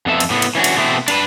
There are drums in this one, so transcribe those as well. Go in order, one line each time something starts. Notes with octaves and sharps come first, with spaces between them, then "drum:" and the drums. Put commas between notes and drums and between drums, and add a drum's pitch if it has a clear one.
F2 B3 A4 E5
drum: cymbal
A2 B3
drum: cymbal
E3 C#4 D4 F#4
drum: cymbal
B2 E3 A3 B3 C4 E4
D4 A#4 B4, drum: cymbal